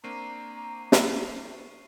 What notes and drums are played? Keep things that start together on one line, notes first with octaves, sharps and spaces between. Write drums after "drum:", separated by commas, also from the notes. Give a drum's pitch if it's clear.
A#3 C4 D4 A#5 C#6 C7 D#7
drum: snare